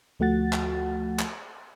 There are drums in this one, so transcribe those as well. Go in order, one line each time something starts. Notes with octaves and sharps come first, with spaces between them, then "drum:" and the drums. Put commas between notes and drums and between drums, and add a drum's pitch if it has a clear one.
D2 F3 A3 F#4 F#5 A6
drum: clap
drum: clap